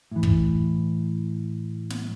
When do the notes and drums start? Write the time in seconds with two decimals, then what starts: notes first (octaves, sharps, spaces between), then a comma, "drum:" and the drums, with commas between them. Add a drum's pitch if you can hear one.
0.11 A2 E3
0.23 drum: kick
1.90 drum: snare